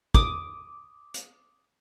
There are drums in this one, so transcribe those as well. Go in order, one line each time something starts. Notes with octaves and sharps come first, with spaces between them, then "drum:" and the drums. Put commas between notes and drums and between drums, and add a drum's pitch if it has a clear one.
D6 D#6, drum: kick
drum: hi-hat